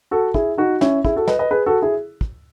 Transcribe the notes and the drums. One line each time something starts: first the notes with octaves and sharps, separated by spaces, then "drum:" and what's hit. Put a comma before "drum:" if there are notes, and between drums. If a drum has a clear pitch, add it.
F#4 A4
E4 G#4, drum: kick
D#4 F#4
C#4 E4, drum: snare
E4 G#4, drum: kick
F#4 A4
B4 D#5, drum: snare
B4 D#5
G#4 B4
F#4 A4
E4 G#4
drum: kick